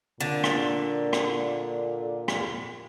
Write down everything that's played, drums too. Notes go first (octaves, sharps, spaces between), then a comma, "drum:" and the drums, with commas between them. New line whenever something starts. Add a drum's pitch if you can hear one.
A#2 D3
drum: rim click
drum: rim click
drum: rim click